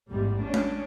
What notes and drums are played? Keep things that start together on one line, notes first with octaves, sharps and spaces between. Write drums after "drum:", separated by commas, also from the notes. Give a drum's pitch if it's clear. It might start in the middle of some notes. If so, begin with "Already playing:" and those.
A1 E2 G#2 G3
C#4 D4
drum: tom G#3